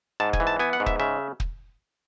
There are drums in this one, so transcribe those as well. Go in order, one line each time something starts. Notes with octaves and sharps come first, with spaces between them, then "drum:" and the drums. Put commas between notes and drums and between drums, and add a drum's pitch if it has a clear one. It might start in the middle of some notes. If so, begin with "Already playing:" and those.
G#2 A5
G#5, drum: kick
E3
A5
B3 G#5
F#5
G#2
E5, drum: kick
C#3 E5
drum: kick